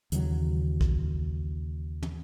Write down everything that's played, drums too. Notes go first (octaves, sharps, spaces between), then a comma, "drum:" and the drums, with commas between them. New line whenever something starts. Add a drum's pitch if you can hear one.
D#2 C#3 E3 F#3, drum: hi-hat
drum: kick
drum: tom